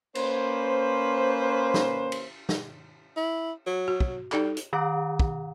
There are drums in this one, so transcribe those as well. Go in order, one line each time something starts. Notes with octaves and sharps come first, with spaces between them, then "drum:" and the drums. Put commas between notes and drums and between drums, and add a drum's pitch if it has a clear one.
A#3 C#4 B4 C5, drum: cymbal
drum: snare
drum: cymbal
drum: snare
E4
F#3
F#4
drum: kick
G3 D#4 A4, drum: clap
drum: hi-hat
D#3 F#5 A#5 D6
drum: kick